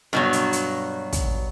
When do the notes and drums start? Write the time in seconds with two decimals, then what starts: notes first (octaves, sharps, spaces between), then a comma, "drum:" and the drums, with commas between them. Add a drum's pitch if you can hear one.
0.13 G2 B2 F#3
0.33 drum: hi-hat
0.53 drum: hi-hat
1.13 drum: kick, hi-hat